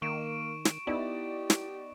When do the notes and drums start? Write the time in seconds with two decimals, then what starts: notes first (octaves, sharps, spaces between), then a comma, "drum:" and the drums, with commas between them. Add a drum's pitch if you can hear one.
0.02 D#3 A#3 C#6 D7 E7
0.65 drum: snare
0.87 B3 D#4 E4 G4 D5
1.50 drum: snare